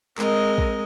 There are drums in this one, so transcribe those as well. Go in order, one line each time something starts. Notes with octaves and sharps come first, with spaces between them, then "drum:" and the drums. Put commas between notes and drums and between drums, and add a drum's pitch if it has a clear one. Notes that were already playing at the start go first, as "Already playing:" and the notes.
G#3 C4 A#4 D#5, drum: clap
drum: kick